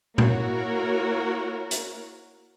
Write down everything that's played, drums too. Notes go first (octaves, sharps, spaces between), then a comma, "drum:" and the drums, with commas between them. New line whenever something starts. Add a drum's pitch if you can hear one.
A#3 E4 F#4 A#4 C#5, drum: tom A#2
drum: hi-hat